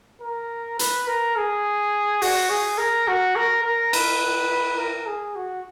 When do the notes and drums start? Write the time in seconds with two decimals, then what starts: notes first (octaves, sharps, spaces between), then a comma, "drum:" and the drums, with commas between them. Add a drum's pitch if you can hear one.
0.21 A#4
0.79 B4, drum: hi-hat
1.07 A#4
1.36 G#4
2.22 F#4, drum: open hi-hat
2.50 G#4
2.78 A#4
3.08 F#4
3.36 A#4
3.64 A#4
3.93 B4, drum: cymbal
4.79 A#4
5.07 G#4
5.36 F#4